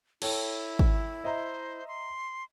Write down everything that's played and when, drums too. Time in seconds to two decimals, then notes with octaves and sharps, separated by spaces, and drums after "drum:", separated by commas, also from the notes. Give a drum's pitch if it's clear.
0.22 E4 A4 C#5 G5, drum: cymbal
0.79 drum: kick
1.24 C5 D#5 E5 A#5
1.88 C6